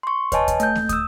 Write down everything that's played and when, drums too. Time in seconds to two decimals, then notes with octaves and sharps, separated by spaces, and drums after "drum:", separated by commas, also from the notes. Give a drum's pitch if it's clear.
0.03 C6 C#6
0.32 B4 C#5 D#5 G#5 A5, drum: kick, hi-hat
0.48 drum: kick, hi-hat
0.60 A3 G6, drum: hi-hat
0.75 drum: snare A#3
0.89 D#6 E6, drum: kick, hi-hat